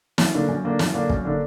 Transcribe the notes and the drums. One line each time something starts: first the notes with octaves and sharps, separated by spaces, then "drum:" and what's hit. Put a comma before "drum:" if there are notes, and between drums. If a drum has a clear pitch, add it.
F#2, drum: snare
D3 A#3 D4
F#2
D3 A#3 D4
F#2, drum: snare
D3 A#3 D4
F#2, drum: kick
D3 A#3 D4